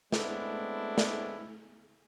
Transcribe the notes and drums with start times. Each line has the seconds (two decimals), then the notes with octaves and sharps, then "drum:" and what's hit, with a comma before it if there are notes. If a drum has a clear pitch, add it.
0.12 G#3 A3 B3 C4 D4 E4, drum: snare
0.98 drum: snare